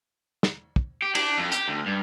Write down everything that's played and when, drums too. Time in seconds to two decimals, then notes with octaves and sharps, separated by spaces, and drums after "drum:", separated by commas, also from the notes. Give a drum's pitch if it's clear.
0.43 drum: snare
0.76 drum: kick
1.02 G4
1.15 D4, drum: cymbal
1.38 F2
1.52 G4, drum: hi-hat
1.68 D2
1.86 G2